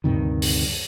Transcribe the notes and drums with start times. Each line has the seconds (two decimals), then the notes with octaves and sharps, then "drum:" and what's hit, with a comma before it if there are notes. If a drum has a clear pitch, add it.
0.04 D2 G2 C3 D#3
0.42 drum: open hi-hat